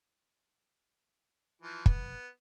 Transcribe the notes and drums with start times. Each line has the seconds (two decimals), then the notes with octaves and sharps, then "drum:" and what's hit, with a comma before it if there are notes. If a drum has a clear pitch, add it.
1.62 E3 F3
1.86 B3, drum: kick